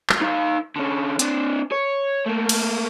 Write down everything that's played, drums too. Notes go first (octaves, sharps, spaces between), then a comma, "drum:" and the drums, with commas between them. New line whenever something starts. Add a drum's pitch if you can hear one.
drum: clap
D#4 F5
D3 C#4
C4 D4, drum: hi-hat
C#5
A3 A#3
drum: cymbal